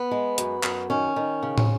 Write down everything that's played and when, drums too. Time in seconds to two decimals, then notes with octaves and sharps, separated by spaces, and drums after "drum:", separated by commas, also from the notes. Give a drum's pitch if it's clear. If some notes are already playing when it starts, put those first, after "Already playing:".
Already playing: B3
0.11 G#3
0.38 F#2, drum: hi-hat
0.63 F#2, drum: clap
0.90 D#3 C#4
1.16 D#3
1.43 C#3
1.58 drum: tom